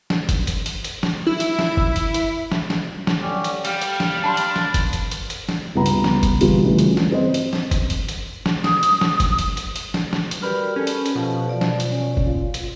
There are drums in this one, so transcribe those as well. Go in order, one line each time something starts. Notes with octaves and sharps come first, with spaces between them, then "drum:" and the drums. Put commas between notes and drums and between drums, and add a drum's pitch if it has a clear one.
drum: snare
drum: kick, hi-hat
drum: hi-hat
drum: hi-hat
drum: hi-hat
drum: snare
E4
drum: hi-hat
drum: snare
drum: kick
drum: hi-hat
drum: hi-hat
drum: snare
drum: snare
drum: snare
D3 C#4 G4
drum: hi-hat
G3 G4 F5, drum: hi-hat
drum: hi-hat
drum: snare
D4 A5 B5 C6
drum: hi-hat
drum: snare
drum: kick, hi-hat
drum: hi-hat
drum: hi-hat
drum: hi-hat
drum: snare
C#2 G2 B3 A#5 B5
drum: hi-hat
drum: snare
drum: kick, hi-hat
B2 E3 G3 F4 G4, drum: hi-hat
G2 C#3 E3 A3
drum: hi-hat
drum: snare
C4 C5 D#5
drum: hi-hat
drum: snare
drum: kick, hi-hat
drum: hi-hat
drum: hi-hat
drum: snare
D#6, drum: snare
drum: hi-hat
drum: snare
drum: kick, hi-hat
drum: hi-hat
drum: hi-hat
drum: hi-hat
drum: snare
drum: snare
drum: hi-hat
G3 F#4 G4 A#4 B4 B5 F6
C#4 A4
drum: hi-hat
drum: hi-hat
B2 F3
F3 D5
drum: snare
drum: hi-hat
C#4
drum: kick
F4
drum: hi-hat